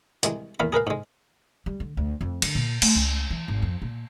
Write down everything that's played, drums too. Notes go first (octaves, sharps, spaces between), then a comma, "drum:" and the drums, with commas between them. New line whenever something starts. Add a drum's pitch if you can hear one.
C2 E3 G#3, drum: hi-hat
E2 E3 A#3 F5 B5
G#4 A#4 B4 F5
G#2 G#3
G3
D3
D2
F2
D3, drum: cymbal
A#2
A3, drum: cymbal
C#2
E3
G#1
F2
A#2